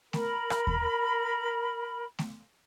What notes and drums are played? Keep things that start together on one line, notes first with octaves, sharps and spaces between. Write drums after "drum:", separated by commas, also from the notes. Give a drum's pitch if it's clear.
A#4 B5, drum: snare A3
drum: rim click
drum: kick D#2
drum: snare A3